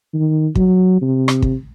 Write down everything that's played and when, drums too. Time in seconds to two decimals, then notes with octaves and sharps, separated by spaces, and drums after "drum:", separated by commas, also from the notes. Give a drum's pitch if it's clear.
0.14 D#3
0.55 F#3, drum: kick
1.02 C3
1.28 drum: rim click
1.42 drum: kick